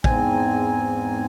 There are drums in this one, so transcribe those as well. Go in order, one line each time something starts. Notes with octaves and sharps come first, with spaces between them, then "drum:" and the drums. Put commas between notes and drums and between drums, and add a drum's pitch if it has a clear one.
E2 G#2 C4 G#5, drum: kick